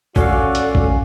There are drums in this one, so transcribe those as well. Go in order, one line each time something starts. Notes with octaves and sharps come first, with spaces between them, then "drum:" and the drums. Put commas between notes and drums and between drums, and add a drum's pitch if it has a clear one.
C#4 F#4 A4 D5 F5, drum: kick
drum: hi-hat
drum: kick